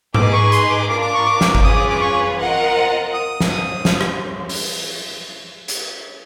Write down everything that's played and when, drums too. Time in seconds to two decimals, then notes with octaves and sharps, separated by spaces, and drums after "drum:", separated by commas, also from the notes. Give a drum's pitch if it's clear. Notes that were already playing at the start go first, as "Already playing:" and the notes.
0.14 D#4 G#4 B4 D6, drum: tom G#2
0.33 C#6
0.52 C6, drum: hi-hat
0.70 D6
0.89 D4 F4 A#4 D6
1.01 D6
1.14 C#6
1.26 D6
1.41 drum: snare
1.55 drum: kick G1
1.64 C#4 F4 G#4 B4 D#6
1.76 D6
1.89 D6
2.01 C#6
2.39 C4 F4 A#4 D#5 F#5
3.14 D#6
3.40 drum: snare
3.85 drum: snare
4.01 drum: rim click
4.49 drum: open hi-hat
5.68 drum: hi-hat